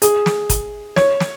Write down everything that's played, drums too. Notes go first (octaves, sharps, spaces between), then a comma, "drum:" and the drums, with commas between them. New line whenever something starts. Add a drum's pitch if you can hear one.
G#4, drum: hi-hat
drum: snare
drum: kick, hi-hat
C#5, drum: snare
drum: snare